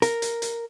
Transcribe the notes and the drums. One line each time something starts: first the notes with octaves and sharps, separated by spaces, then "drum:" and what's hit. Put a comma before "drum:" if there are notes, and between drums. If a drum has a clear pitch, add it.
A#4, drum: hi-hat
drum: hi-hat
drum: hi-hat